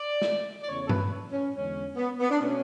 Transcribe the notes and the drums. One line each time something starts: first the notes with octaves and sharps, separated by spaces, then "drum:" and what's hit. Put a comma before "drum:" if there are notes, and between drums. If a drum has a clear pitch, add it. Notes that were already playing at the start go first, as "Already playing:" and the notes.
Already playing: D5
drum: snare
D5
E2 C#3 E3 A3 C#5
A4
B4, drum: tom G2
C#4
E2 D3 G#3 C#4
B3
B3
D4
B2 A3 C#4